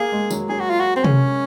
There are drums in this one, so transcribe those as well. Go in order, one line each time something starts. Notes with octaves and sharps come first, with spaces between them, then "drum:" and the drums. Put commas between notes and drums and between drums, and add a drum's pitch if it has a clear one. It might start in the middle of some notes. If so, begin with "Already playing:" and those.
Already playing: A#3 G#4
G#3
F#3, drum: tambourine
F#3 G#4
F#4
F4
F#4
C4
C#4, drum: tom C3